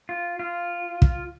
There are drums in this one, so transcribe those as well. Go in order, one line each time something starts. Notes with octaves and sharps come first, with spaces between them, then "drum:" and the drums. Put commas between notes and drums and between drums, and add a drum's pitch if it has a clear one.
F4
F4
drum: kick